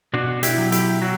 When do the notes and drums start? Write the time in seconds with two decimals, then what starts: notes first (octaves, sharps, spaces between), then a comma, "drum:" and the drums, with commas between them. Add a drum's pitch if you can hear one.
0.13 B2 D4 F#4
0.43 E4 G4, drum: hi-hat
0.58 F#3
0.72 E4 G4, drum: hi-hat
1.02 F#3 F#4